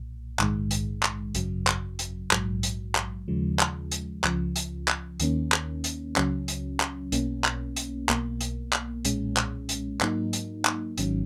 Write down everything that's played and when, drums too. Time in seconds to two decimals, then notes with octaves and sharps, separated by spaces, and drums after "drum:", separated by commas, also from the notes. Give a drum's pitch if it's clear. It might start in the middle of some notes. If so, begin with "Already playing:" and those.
Already playing: B1 A#2
0.39 A#1 G#2 D#3 G#3, drum: clap
0.71 drum: hi-hat
1.03 drum: clap
1.35 G#1 F#2 C#3 F#3, drum: hi-hat
1.67 drum: clap
1.99 drum: hi-hat
2.31 A#1 G#2 F#3, drum: clap
2.63 drum: hi-hat
2.95 drum: clap
3.28 D#2 C#3 F3 G#3
3.59 drum: clap
3.91 drum: hi-hat
4.24 C#2 C#3 F3, drum: clap
4.56 drum: hi-hat
4.88 drum: clap
5.20 D#2 D#3 A#3 C#4, drum: hi-hat
5.52 drum: clap
5.84 drum: hi-hat
6.16 C#2 C#3 F#3 C#4, drum: clap
6.48 drum: hi-hat
6.80 drum: clap
7.12 B1 B2 A#3 C#4, drum: hi-hat
7.44 drum: clap
7.76 drum: hi-hat
8.09 B1 B2 A#3, drum: clap
8.41 drum: hi-hat
8.73 drum: clap
9.05 B1 A#2 G#3 C#4, drum: hi-hat
9.37 drum: clap
9.69 drum: hi-hat
10.01 G#2 F#3 A#3 D#4, drum: clap
10.33 drum: hi-hat
10.65 drum: clap
10.98 G#1 G#2 D#3 F#3 C#4, drum: hi-hat